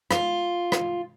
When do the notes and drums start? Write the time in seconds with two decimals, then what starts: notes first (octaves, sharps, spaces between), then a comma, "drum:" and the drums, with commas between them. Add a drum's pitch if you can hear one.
0.11 F4, drum: rim click
0.72 drum: rim click